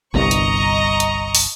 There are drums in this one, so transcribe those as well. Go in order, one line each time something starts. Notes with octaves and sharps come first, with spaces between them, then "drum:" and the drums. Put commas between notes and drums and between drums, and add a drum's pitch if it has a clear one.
G1 C2 G2 D#5 A#5 C#6
drum: hi-hat
drum: hi-hat
drum: open hi-hat